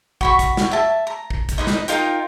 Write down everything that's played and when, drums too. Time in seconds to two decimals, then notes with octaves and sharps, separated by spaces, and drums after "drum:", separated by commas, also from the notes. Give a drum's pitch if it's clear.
0.21 F#4 B5 C#6, drum: kick
0.39 drum: kick, hi-hat
0.57 drum: snare
0.71 E5 A5
1.07 A#5
1.30 drum: kick
1.49 drum: kick, hi-hat
1.58 D#4 B4 D#5
1.67 drum: snare
1.88 D#4 F4 A#4 G5, drum: hi-hat